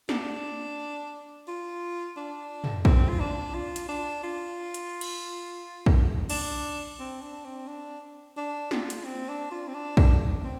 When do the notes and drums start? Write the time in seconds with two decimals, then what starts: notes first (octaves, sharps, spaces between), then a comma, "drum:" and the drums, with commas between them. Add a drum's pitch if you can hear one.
0.09 D4, drum: snare
1.47 F4
2.16 D4
2.64 drum: tom
2.85 C4, drum: kick
3.08 F4
3.20 D4
3.54 F4
3.76 drum: hi-hat
3.88 D4
4.23 F4
4.74 drum: hi-hat
5.01 drum: cymbal
5.86 drum: kick
6.30 D4, drum: cymbal
6.99 C4
7.22 D4
7.45 C4
7.68 D4
8.37 D4
8.71 F4, drum: snare
8.90 drum: hi-hat
9.05 C4
9.29 D4
9.51 F4
9.68 C4
9.74 D4
9.97 D4, drum: kick
10.44 C4